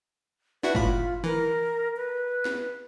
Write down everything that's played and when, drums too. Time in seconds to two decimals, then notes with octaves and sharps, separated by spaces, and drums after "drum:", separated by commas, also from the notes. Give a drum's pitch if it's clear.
0.63 D4 E4 F#4 B4
0.75 A2 F4 B5, drum: kick F#1
1.24 E3 A#4
1.96 B4
2.45 drum: snare